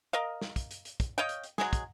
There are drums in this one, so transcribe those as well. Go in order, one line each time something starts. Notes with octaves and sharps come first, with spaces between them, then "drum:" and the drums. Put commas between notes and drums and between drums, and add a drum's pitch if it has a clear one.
A#4 D#5 F5
drum: snare
drum: kick, hi-hat
drum: hi-hat
drum: hi-hat
drum: kick, hi-hat
C#5 D#5 F5 G5
drum: hi-hat
drum: hi-hat
F#3 G#3 G#4, drum: snare
drum: kick, hi-hat